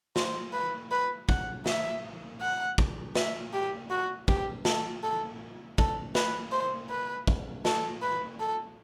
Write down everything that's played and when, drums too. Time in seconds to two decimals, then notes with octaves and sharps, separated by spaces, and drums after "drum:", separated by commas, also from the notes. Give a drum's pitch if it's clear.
0.16 C5, drum: snare
0.53 B4
0.91 B4
1.29 F#5, drum: kick
1.66 E5, drum: snare
2.41 F#5
2.78 drum: kick
3.15 E5, drum: snare
3.53 G4
3.90 F#4
4.28 G4, drum: kick
4.65 A4, drum: snare
5.03 A4
5.78 A4, drum: kick
6.15 B4, drum: snare
6.52 C5
6.90 B4
7.27 drum: kick
7.65 A4, drum: snare
8.02 B4
8.40 A4